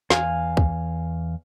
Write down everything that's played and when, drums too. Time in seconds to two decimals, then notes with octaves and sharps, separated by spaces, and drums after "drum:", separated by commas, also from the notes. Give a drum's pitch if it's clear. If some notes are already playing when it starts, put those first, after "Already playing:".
0.10 E2 F5 G#5, drum: snare
0.57 drum: kick